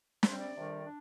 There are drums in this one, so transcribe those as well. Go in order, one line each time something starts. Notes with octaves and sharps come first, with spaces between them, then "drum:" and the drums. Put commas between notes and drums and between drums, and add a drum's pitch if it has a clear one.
C3 G3 C4 C5, drum: snare
D5
F2 C3 D#3 G3 D4
D4